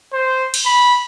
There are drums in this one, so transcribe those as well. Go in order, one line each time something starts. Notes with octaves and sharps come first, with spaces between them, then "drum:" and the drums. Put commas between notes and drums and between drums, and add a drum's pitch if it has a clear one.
C5
drum: cymbal
B5